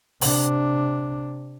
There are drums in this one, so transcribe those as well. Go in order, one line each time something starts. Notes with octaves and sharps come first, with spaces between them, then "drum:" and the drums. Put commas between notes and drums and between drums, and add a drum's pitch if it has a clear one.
C3 D4, drum: open hi-hat